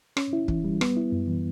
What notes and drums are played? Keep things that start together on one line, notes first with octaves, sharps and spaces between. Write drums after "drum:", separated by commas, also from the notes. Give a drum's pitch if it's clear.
C#4, drum: rim click
E4
E3, drum: kick
G3
B3, drum: rim click
E4
F#2
E3